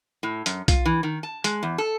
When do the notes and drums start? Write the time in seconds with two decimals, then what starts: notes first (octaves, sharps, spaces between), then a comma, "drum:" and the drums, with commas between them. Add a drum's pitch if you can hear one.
0.23 A2
0.46 F#2, drum: hi-hat
0.68 F4, drum: kick B1, hi-hat
0.85 E3
1.03 D#3
1.23 A5
1.44 G#3, drum: hi-hat
1.63 E2
1.78 A4